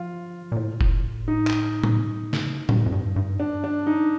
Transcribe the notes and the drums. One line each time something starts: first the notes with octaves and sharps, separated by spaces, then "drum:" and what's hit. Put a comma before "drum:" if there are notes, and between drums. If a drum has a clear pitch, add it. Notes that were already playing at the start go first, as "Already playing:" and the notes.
Already playing: F3 F4
A#2
A2
drum: kick F1
D#4
drum: clap
drum: tom A2
drum: snare
G2, drum: tom A2
F2
G2
G2
D4
D4
D#4